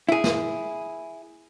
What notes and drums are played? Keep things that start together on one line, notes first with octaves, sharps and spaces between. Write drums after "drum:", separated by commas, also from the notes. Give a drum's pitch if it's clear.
E4 G#4
drum: snare